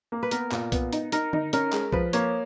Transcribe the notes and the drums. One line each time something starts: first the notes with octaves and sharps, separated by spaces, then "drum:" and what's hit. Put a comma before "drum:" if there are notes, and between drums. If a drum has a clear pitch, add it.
A#3
B4
B3 A#4, drum: hi-hat
A#2, drum: clap
B3, drum: kick B1, hi-hat
D#4, drum: hi-hat
D#4 A#4, drum: hi-hat
D#4, drum: tom D3
C#4 A#4, drum: hi-hat
G#3, drum: clap
F3 B4, drum: kick B1
A#3 C#5, drum: hi-hat